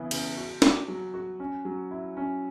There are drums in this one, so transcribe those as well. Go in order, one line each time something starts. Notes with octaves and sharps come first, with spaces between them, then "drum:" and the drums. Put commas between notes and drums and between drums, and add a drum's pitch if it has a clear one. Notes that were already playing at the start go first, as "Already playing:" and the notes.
Already playing: C#3 E3 B3
C#3, drum: cymbal
F#4
F#4, drum: snare
F#3
F#4
C#4
F#3
E4
C#4